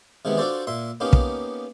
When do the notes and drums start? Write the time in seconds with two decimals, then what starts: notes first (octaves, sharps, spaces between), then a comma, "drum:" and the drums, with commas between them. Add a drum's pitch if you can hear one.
0.25 C3 D#3 E3 G#3 B3
0.37 D4 F4 F#4 A4 C5 D5
0.67 A#2 E5 C6
1.00 A#3 B3 C#4 D#4 G4 F5
1.13 drum: kick